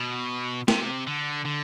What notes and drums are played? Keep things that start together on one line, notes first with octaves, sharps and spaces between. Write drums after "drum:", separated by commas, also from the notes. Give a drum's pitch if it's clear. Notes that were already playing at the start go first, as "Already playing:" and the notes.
Already playing: B2
C3, drum: snare
D3
D3